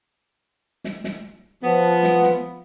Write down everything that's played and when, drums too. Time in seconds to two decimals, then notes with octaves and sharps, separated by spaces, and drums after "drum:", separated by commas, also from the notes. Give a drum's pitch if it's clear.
0.84 drum: snare
1.04 drum: snare
1.64 F3 B3
2.03 drum: snare
2.23 drum: snare